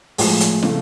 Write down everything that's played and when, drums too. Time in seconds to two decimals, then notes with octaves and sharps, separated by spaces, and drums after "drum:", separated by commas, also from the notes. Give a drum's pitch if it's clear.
0.18 A2 F3 G#3 G#4, drum: open hi-hat
0.40 drum: hi-hat
0.63 C#3 F3 A3, drum: snare